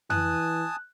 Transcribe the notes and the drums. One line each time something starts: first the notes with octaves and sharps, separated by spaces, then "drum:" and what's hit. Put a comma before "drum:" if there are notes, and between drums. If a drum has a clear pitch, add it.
E3 G#5 A5 D#6 F#6, drum: tom F2